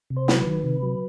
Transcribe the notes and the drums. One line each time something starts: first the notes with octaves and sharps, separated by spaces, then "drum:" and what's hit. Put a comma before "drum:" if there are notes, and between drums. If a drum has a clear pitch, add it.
C3
C5
F#3 B4, drum: snare
D#3
C3
F#3